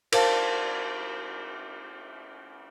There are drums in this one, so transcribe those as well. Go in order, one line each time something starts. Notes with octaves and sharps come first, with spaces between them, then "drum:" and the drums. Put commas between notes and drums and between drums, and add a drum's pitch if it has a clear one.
A#4 C5 F5 A5, drum: cymbal